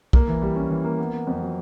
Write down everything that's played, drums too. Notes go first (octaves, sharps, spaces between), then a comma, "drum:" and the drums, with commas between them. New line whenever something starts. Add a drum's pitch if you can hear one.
A#3, drum: kick B1
E3
G3
C#4
E3
A#3
B3
B3
F2
F#3